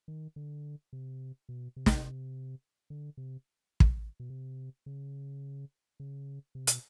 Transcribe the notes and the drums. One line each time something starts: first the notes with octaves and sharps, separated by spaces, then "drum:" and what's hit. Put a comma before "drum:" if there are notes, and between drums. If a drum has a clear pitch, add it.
D#3
D3
C3
B2
C3
drum: snare
D3
C3
drum: kick
B2
C3
C#3
C#3
C3
B2, drum: hi-hat